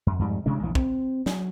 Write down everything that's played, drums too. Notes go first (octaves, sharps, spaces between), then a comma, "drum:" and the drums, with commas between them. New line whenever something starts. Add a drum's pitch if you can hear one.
F#2
F2 G#2 G3
A1 C3 G#3 D4
A#1 E2 C#3 E3
C4, drum: kick
F#3, drum: snare